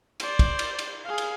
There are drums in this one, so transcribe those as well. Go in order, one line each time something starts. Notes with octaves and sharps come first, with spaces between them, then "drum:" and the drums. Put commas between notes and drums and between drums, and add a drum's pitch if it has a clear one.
C5 D5, drum: cymbal
drum: kick, cymbal
drum: cymbal
drum: cymbal
G#4 F5
drum: cymbal